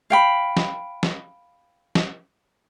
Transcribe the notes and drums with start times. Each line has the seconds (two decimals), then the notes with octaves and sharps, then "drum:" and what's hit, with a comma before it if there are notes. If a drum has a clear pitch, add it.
0.10 F5 G5 B5
0.57 drum: snare
1.03 drum: snare
1.95 drum: snare